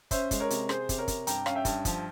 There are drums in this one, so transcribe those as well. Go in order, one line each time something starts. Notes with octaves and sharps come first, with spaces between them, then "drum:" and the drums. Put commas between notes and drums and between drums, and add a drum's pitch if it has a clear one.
C#4 C5 E5, drum: kick, hi-hat
G#3, drum: kick, hi-hat
A#4 C#5
C3, drum: hi-hat
C3 G#4 C5, drum: rim click
C3, drum: kick, hi-hat
A#4 C#5
C3, drum: kick, hi-hat
G2 G5 A#5, drum: hi-hat
C#4 F5, drum: rim click
E5 G5
G2, drum: kick, hi-hat
F3, drum: kick, hi-hat